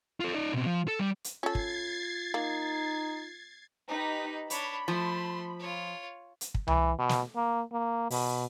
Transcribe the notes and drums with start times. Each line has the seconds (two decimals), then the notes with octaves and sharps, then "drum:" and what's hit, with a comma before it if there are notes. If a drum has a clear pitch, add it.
0.20 F4 A4
0.34 D#4 D5
0.53 B2 C4
0.66 F3
0.88 A4
0.99 G3
1.24 drum: hi-hat
1.43 C#4 F4 A4 G#6 A6 C7
1.55 drum: kick
2.34 A#3 D#4
3.89 D#4 G4 B4
4.50 D4 C#5 B5, drum: hi-hat
4.88 F3 A3 C6
5.60 F4 C#5
6.41 drum: hi-hat
6.54 drum: kick
6.67 E3, drum: tom C2
6.99 B2
7.09 drum: snare
7.36 A#3
7.72 A#3
8.11 B2, drum: open hi-hat